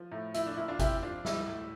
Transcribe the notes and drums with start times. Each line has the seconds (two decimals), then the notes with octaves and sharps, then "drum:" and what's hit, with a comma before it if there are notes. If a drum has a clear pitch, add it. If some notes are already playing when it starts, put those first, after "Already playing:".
Already playing: F3
0.12 A2
0.34 F3 E4, drum: hi-hat
0.47 D4
0.57 A#2 E4
0.68 D4 F4
0.79 C4 E4 G4, drum: kick G#1, hi-hat
1.02 F3 D4 F4
1.25 G3 E4, drum: snare
1.48 A2